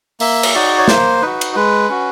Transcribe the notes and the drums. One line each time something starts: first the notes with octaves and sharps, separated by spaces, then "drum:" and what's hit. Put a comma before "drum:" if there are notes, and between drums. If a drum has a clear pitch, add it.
A#3 E5, drum: open hi-hat
drum: cymbal
D#4 F#4 D5
C#5
A#3 C5, drum: snare
D#4 F#4 B4
drum: cymbal
G#3 B4
C#4 F#4